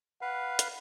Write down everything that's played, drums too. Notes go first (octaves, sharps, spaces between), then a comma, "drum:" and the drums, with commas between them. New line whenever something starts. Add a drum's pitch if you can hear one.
B4 F5 F#5
drum: hi-hat